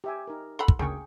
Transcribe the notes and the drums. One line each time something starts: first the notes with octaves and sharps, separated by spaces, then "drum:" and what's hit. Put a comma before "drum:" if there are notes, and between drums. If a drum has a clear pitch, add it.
G4 E5 G#5
D#4 A#4
A4 F#5 B5 C6
drum: kick
D2 C#3 A#3 G#4 G5 C#6